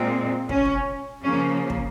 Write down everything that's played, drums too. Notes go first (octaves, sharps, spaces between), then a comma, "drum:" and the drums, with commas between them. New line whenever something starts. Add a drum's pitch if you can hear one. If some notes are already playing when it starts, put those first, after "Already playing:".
Already playing: A#2 G#3 C4
C#4, drum: kick
drum: tom
C#3 F3 A#3 C#4
drum: kick